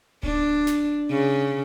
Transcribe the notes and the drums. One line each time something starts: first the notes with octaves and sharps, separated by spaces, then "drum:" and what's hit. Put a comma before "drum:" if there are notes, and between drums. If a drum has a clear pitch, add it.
D4, drum: kick D1
drum: snare
C#3